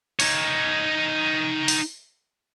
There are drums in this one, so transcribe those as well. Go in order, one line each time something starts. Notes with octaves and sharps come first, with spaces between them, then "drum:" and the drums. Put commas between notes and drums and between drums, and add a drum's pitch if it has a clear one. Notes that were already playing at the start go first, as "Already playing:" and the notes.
D#4 C#5, drum: open hi-hat
drum: open hi-hat